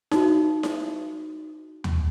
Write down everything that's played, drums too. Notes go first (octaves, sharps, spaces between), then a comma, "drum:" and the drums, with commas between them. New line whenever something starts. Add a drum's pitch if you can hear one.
D#4 F#4, drum: snare E4
drum: snare E4
drum: tom D#2